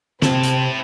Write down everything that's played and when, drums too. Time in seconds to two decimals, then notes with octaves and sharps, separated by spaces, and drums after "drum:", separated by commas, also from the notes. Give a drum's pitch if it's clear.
0.22 C3 C4 E4 A5, drum: snare
0.43 drum: hi-hat